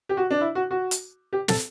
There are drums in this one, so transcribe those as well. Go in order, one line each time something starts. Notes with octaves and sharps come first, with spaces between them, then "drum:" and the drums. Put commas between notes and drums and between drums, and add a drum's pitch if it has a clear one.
G4
F#4
D4
E4
F#4
F#4
drum: hi-hat
G4
A4, drum: snare